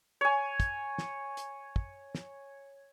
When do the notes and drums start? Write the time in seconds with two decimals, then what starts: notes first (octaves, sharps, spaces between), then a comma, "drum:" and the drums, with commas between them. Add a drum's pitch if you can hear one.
0.21 C#5 G#5
0.60 drum: kick, hi-hat
0.98 drum: snare
1.37 drum: hi-hat
1.76 drum: kick
2.15 drum: snare